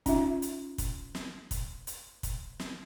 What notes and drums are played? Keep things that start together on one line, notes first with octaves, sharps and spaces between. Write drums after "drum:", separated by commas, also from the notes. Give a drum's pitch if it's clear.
C#4 D#4 F4 E5, drum: kick, hi-hat
drum: hi-hat
drum: kick, hi-hat
drum: snare
drum: kick, hi-hat
drum: hi-hat
drum: kick, hi-hat
drum: snare